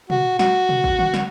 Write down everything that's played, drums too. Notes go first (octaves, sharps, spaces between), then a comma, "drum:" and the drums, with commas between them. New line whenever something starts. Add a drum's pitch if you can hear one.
F#4, drum: tom
F#4, drum: snare
drum: tom
drum: kick A1
drum: tom
drum: snare